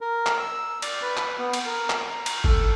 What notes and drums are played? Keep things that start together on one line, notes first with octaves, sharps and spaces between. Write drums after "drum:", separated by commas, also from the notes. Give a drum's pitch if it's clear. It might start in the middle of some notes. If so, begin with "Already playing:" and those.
A#4
drum: clap
E6
D5, drum: cymbal
B4
drum: clap
B3
drum: cymbal
A#4
drum: clap
A#5
drum: cymbal
A4, drum: kick